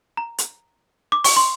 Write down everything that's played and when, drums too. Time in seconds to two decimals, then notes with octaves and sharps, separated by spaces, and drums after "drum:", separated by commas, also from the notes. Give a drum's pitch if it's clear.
0.17 A#5
0.38 drum: hi-hat
1.12 D6
1.24 C#6, drum: open hi-hat
1.36 C6